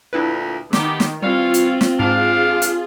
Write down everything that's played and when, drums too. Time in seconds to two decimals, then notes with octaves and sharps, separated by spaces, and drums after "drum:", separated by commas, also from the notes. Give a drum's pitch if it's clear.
0.13 D2 A#2 D4 E4 B4
0.73 D#3 A3 B3 G4, drum: snare
1.00 drum: snare
1.22 E3 G3 C4 F4 C#5 F5
1.54 drum: hi-hat
1.81 drum: snare
1.99 G#2 D4 F4 G#4 F5
2.62 drum: hi-hat